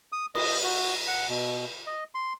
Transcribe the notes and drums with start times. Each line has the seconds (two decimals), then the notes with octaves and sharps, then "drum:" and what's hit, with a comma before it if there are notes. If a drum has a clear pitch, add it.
0.12 D#6
0.35 D#5, drum: cymbal
0.64 F#4
1.07 F#5
1.29 B2
1.86 D#5
2.15 C6